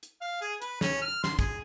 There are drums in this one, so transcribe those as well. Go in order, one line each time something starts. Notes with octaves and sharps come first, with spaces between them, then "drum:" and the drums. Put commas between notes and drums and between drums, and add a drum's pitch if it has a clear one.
drum: hi-hat
F5
G#4
B4, drum: hi-hat
C#4, drum: snare
F6
C6, drum: snare
G#4, drum: kick, hi-hat